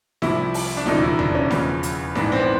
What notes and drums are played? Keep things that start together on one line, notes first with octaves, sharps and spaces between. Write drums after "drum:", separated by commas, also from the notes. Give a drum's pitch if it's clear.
C2 C3 F3 E4, drum: snare D#4
drum: open hi-hat
D4
E1 D#2 C#3 F3 D#4, drum: snare D#4
E4
D4, drum: tom E2
C#4
E2 C#3 F3, drum: snare D#4
drum: hi-hat
A#1 G#2 E3 D4, drum: snare D#4
C4
B3